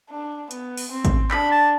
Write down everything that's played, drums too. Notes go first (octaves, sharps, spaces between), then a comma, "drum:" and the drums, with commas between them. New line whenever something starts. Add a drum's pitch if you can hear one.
D4
B3, drum: hi-hat
drum: open hi-hat
C4
drum: kick G#1, hi-hat
D4 B5, drum: clap
A5